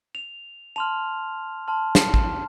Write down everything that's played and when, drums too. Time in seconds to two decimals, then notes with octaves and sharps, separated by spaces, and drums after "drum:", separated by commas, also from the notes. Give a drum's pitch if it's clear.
0.15 F7
0.76 A5 C6 F6 F7
1.68 A5 C6 F6
1.95 drum: snare
2.14 drum: kick A1